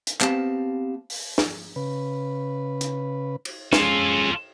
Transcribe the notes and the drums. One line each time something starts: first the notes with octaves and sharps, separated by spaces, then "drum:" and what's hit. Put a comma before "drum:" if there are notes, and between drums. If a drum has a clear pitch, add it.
drum: hi-hat
B3 C4 G4 F5 A5, drum: clap
drum: open hi-hat
drum: snare
C#3 B4
drum: hi-hat
drum: cymbal
G#3 C#4 F4 G#4 A4, drum: snare